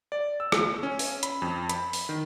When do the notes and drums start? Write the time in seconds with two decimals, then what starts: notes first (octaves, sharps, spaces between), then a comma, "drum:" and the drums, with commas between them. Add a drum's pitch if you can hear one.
0.12 D5
0.40 E6
0.52 drum: rim click
0.83 C#4
0.99 drum: open hi-hat
1.23 B5, drum: hi-hat
1.42 F2
1.69 B5, drum: hi-hat
1.93 drum: open hi-hat
2.09 D#3